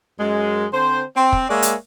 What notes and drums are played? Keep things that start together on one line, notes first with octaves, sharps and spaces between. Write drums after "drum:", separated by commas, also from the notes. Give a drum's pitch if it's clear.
F#2 G#3
D3 C4 C5
C4
drum: kick
G#3 A#3 C#5 D5 E5
drum: hi-hat